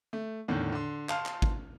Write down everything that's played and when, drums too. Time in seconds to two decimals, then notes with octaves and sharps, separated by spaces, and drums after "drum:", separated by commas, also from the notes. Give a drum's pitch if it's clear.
0.13 A3
0.48 E2 A2 D3 D#3
0.72 D3 C6
1.09 F5 A5 C6 F6, drum: clap
1.26 drum: clap
1.42 drum: kick G#1